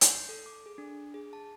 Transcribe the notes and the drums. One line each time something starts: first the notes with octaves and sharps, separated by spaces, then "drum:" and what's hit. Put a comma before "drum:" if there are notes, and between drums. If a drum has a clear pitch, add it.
G6, drum: hi-hat
C7
A4
D6
G#4
D4
G#4
A5